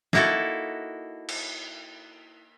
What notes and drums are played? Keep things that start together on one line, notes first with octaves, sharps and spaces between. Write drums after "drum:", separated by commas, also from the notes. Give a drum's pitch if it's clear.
A#3 D#4 E4 F#4 A4, drum: snare
drum: cymbal